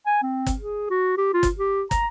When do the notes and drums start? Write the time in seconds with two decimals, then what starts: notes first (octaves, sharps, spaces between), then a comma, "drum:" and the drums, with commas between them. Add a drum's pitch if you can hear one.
0.06 G#5
0.23 C4
0.46 drum: kick, hi-hat
0.59 G#4
0.90 F#4
1.18 G4
1.34 F4
1.43 drum: kick, hi-hat
1.58 G4
1.91 A#5, drum: kick, hi-hat